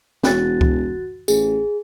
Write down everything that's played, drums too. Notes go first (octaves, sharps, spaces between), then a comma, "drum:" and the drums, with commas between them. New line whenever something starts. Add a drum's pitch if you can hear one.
E1 F#4 F#6 A6, drum: snare
drum: kick C#2
A1 G#4, drum: tambourine